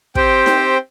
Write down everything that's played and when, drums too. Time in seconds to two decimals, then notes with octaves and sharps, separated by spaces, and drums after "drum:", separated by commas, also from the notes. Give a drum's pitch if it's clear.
0.15 C4 G4 C5 G5, drum: kick
0.46 drum: snare D#4